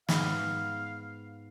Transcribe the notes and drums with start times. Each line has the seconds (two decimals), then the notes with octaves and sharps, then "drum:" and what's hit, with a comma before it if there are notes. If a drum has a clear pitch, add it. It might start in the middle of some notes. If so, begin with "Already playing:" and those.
0.09 G#2 B3 F5, drum: snare